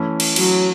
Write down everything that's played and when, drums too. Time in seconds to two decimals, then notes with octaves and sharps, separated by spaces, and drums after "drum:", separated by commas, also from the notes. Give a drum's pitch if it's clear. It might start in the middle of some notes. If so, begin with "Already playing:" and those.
Already playing: E3 A3 C#4 E4
0.20 drum: cymbal
0.36 F#3, drum: cymbal